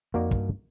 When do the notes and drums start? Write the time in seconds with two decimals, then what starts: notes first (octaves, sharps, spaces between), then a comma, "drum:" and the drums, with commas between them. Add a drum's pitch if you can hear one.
0.14 F2 A#3 D#4 F#4 A#4 D5
0.31 G2, drum: kick